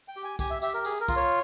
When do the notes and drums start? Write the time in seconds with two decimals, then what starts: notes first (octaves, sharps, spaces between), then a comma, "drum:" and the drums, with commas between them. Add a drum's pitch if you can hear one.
0.08 G5
0.16 G4
0.24 G#5
0.39 G4 G#5, drum: kick C2, tambourine
0.50 E5
0.62 G4 E5, drum: tambourine
0.74 A#4
0.85 G#4, drum: tambourine
1.01 A#4
1.08 F4, drum: kick C2, tambourine
1.16 C#5